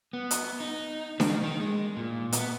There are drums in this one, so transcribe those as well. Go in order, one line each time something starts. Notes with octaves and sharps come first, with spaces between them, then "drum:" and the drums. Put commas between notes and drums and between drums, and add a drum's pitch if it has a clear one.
B3
drum: hi-hat
D#4
D#3, drum: snare D4
D#3
G#3
A#2
B3, drum: hi-hat